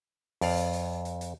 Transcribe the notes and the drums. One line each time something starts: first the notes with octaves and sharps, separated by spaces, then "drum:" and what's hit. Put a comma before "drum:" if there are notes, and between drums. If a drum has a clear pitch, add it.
F2 D5 F5, drum: open hi-hat
drum: hi-hat
drum: hi-hat
drum: hi-hat
drum: hi-hat